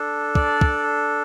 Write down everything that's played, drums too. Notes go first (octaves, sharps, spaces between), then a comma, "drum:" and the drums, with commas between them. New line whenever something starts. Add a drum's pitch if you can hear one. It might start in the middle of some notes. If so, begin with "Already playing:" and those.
Already playing: D4 A4
D5, drum: kick
drum: kick